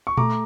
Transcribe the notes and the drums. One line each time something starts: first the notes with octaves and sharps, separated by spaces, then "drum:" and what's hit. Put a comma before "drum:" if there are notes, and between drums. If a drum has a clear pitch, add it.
C#6
A3 A#5 D6, drum: tom A#2